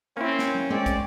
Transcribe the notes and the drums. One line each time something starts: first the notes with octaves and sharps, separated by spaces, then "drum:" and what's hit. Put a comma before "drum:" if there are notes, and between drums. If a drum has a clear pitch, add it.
A#3 C4 C#4 E4
drum: snare
drum: tom F#3
G#3 C4 D5
drum: kick, hi-hat